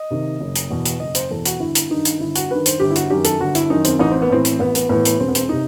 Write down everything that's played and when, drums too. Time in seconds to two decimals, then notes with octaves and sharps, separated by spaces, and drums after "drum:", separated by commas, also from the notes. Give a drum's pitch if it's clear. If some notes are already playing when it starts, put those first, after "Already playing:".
Already playing: D#5
0.11 C3 D#3
0.41 F#1
0.56 drum: hi-hat
0.71 E2 B2
0.85 drum: hi-hat
1.00 F#1 D#5
1.15 C5, drum: hi-hat
1.31 E2 B2 A4
1.45 F#4, drum: hi-hat
1.60 G1 E4
1.75 drum: hi-hat
1.90 G2 D#3 D#4
2.05 drum: hi-hat
2.20 G1 E4
2.36 F#4, drum: hi-hat
2.50 G2 D#3 B4
2.66 C5, drum: hi-hat
2.80 G1 G4
2.90 E4
2.96 F#4, drum: hi-hat
3.10 F#2 D#3 G4
3.25 A4, drum: hi-hat
3.40 G1 F#4
3.55 E4, drum: hi-hat
3.70 F#2 D#3 D#4
3.85 C4, drum: hi-hat
3.99 A1 D#4
4.11 C4
4.22 B3
4.30 A2 E3 C4
4.45 drum: hi-hat
4.59 A1 B3
4.75 B3, drum: hi-hat
4.89 A2 E3 B3
5.05 B3, drum: hi-hat
5.20 E1 C4
5.28 B3
5.35 C4, drum: hi-hat
5.49 C3 D#4